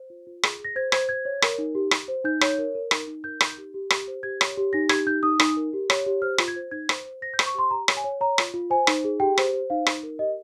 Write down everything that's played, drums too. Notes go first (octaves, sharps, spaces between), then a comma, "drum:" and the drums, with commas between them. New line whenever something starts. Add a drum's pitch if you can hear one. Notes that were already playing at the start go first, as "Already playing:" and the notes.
Already playing: C5
F4
F4
G#4, drum: rim click
G#4
A#6
C5 G#6
C5 G#6, drum: rim click
C5 G#6
C#5
A#4, drum: rim click
D#4
G4
G4, drum: rim click
C5
D#4 G6
C#5, drum: rim click
A#4
A#4
D#4, drum: rim click
D#4
A#4 G6
D#4, drum: rim click
G4
G4
G4, drum: rim click
C5
G4 G#6
C#5, drum: rim click
G4
D#4 A#6
G4 G#6, drum: rim click
D#4 G6
D#4 D#6
D#4, drum: rim click
A#4
G4
C#5, drum: rim click
G4
C5 F6
F4, drum: rim click
G#6
C5
D#4 G#6
C5, drum: rim click
C5
C5 A#6
G6
C5, drum: rim click
C#6
G4 C6
G4 A#5
C#5, drum: rim click
G#5
C#5
C#5 A#5
F4, drum: rim click
F4
C5 G#5
D#4, drum: rim click
G#4
G4 G5
C5, drum: rim click
C5
D#4 F5
D#4, drum: rim click
A#4
G4 D#5